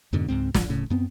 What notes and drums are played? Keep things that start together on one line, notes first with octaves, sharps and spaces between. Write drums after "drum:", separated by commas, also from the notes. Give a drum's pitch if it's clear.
F2 G#2 B2 D3
C#2 G#2 C4
G#1 F3, drum: snare
D1 A2 C#3
F#2 B3 C4